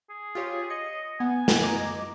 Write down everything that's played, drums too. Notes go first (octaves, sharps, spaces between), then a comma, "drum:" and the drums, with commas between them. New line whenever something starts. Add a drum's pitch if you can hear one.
G#4
F4 G4 C#5
D#5 C#7
B3 G#5
drum: snare
D#5 A#5 D6